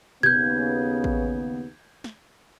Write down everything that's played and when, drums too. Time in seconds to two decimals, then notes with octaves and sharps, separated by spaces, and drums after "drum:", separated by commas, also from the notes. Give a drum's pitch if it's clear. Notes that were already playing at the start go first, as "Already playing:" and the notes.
0.23 D#2 C#3 B3 G6 G#6, drum: tom B2
1.04 drum: kick A1
2.04 drum: snare